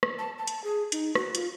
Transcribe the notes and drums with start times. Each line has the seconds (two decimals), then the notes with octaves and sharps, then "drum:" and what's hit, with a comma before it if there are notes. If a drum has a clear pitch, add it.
0.03 drum: rim click
0.19 A5
0.38 A5
0.47 drum: hi-hat
0.64 G#4
0.92 D#4, drum: hi-hat
1.15 F#4, drum: rim click
1.35 F4, drum: hi-hat